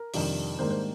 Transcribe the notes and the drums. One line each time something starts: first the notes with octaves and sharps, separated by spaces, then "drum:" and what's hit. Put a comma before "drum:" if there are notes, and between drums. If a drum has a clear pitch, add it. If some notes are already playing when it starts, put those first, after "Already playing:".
Already playing: A#4
F2 C3 D#3 G3 D4, drum: open hi-hat
G#2 D#3 G3 A#3 D4 C5
C5